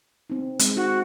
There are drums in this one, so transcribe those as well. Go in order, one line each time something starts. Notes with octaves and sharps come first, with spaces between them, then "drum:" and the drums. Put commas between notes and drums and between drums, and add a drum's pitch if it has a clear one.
C4 D#4
G#3 C4, drum: hi-hat
D#4 F#4